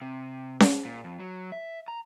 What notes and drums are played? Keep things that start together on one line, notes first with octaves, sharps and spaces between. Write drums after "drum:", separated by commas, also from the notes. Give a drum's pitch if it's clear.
C3
drum: snare C#4
A#2
F2
F#3
E5
A#5